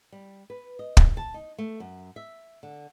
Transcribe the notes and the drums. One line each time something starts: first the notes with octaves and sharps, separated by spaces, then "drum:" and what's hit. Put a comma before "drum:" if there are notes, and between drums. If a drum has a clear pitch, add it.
G3
B4
D#5
drum: kick
A5
D#4
A3
F#2
E5
D3